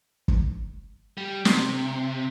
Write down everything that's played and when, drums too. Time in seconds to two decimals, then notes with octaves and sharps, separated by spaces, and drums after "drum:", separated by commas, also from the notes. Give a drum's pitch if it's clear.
0.28 drum: kick
1.18 G3
1.45 C3, drum: snare